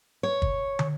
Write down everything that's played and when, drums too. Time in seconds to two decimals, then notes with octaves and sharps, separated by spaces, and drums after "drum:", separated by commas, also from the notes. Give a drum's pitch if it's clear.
0.23 C#5
0.42 drum: kick
0.79 drum: tom